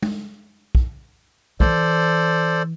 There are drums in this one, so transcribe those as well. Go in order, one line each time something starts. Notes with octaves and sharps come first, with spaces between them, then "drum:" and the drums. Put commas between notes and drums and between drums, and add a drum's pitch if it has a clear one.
drum: tom G#3
drum: kick
E3 A4 C5 D5, drum: kick